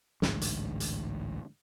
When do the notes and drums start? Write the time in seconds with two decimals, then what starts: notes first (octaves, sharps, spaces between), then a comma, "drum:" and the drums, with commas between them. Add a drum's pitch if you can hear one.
0.22 A1 D2 G#2, drum: snare
0.41 drum: hi-hat
0.80 drum: hi-hat